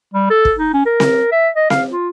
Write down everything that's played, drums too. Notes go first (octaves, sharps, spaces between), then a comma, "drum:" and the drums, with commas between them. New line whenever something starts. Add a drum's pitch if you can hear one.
G3
A4
drum: kick
D#4
C#4
A#4
drum: snare C4
E5
D#5
F5, drum: snare C4
F4